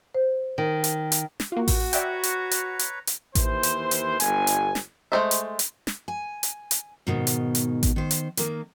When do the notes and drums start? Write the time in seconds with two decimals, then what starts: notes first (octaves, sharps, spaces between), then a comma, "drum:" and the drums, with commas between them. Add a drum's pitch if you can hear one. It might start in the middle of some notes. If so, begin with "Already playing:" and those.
0.14 C5
0.58 D#3
0.84 drum: hi-hat
1.12 drum: hi-hat
1.40 drum: snare
1.52 A#3 F4 F#4
1.68 drum: kick A1, open hi-hat
1.93 B4 C#5 D5 E5 G5 A#5, drum: hi-hat
2.23 drum: hi-hat
2.51 drum: hi-hat
2.79 drum: hi-hat
3.07 drum: hi-hat
3.35 D#2 E3 C5, drum: kick A1, hi-hat
3.63 drum: hi-hat
3.91 drum: hi-hat
4.20 G1 G#5, drum: hi-hat
4.47 drum: hi-hat
4.75 drum: snare
5.12 G#3 A3 C5 D#5 E5
5.31 drum: hi-hat
5.59 drum: hi-hat
5.87 drum: snare
6.08 G#5
6.43 drum: hi-hat
6.71 drum: hi-hat
7.07 G#2 B2 D#3
7.27 drum: hi-hat
7.55 drum: hi-hat
7.83 drum: kick A1, hi-hat
7.96 D#3 C5
8.11 drum: hi-hat
8.37 D#3 A#3, drum: hi-hat